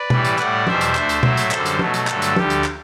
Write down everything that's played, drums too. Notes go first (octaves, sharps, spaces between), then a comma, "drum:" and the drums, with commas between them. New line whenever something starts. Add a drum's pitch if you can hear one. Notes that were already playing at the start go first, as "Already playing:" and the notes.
Already playing: B4 D5
A2 E3 G3, drum: tom
drum: hi-hat
A2 G3 D5 F#5, drum: clap
E2 B2 G3 C5 E5, drum: tom
drum: hi-hat
D2 D3 A3, drum: clap
drum: hi-hat
A2 F#3 A3, drum: tom
drum: hi-hat
F#2 D3 G3 A4 C5, drum: clap
drum: hi-hat
B2 F#3 A3 A4, drum: tom
drum: hi-hat
G2 D3 F#3 A3, drum: clap
drum: hi-hat
D2 D3 G3 G4, drum: tom
drum: hi-hat
drum: clap